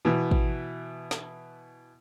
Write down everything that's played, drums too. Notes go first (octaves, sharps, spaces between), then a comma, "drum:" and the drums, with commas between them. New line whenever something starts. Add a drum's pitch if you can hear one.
B2 E3 B3
drum: kick
drum: snare